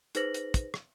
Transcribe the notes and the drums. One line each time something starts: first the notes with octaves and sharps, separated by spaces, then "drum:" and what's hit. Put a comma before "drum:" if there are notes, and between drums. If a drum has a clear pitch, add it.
D#4 G#4 B4 C5 A#6 F#7, drum: hi-hat
drum: hi-hat
drum: kick, hi-hat
drum: rim click